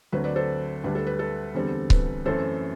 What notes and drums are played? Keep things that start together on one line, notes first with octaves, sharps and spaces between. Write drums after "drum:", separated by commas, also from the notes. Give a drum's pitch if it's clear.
D2 D3 F#3 C4 B4
B4 D5
A4 C5
D2 D3 G3 D4 B4
A4
B4
A4
E2 D3 G3 C4
B4, drum: kick C#1
F#2 E3 A3 C4 A4 C5